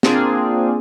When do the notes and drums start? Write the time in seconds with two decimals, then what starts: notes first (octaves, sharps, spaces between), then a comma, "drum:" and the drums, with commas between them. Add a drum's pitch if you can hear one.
0.03 A#3 C4 D4 F4 G#4, drum: snare